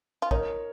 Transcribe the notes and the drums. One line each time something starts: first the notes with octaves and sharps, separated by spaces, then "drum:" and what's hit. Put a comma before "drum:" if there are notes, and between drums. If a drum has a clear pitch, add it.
F4
D#4 A#4 C#5, drum: kick A#1